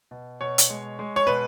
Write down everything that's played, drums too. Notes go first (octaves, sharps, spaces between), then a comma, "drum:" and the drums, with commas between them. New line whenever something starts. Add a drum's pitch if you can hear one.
B2
B2 C#5
drum: hi-hat
G#3
G#3
C#5
B2 B4